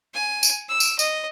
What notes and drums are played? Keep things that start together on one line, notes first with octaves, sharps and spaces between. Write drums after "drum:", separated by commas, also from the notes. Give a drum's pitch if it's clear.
G#5
drum: tambourine
E6
drum: tambourine
D#5, drum: tambourine